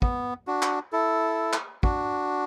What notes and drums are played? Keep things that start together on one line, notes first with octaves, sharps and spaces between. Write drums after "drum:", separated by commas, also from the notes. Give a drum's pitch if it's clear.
B3, drum: kick
D4 F#4
drum: clap
E4 A4
drum: clap
D4 F#4, drum: kick